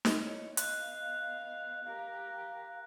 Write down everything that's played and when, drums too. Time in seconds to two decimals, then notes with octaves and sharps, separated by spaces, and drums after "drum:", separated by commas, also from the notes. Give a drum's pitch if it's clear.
0.05 drum: snare
0.19 E4 C#5 D#5
0.57 B3 D#5 F5 F#6, drum: hi-hat
1.85 G4 A#4 F5